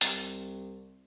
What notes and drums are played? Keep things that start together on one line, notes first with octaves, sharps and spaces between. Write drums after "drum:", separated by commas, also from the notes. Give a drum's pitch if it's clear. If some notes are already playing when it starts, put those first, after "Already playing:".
C2, drum: hi-hat